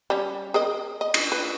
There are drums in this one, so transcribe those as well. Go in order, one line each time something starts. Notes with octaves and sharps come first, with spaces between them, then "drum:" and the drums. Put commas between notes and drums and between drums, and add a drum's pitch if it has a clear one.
G3 C#4
G#4 A#4 D#5
D#5
drum: cymbal
B4